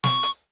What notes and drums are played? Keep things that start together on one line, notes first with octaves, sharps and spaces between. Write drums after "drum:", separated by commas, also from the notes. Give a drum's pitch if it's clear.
C#6, drum: snare
drum: hi-hat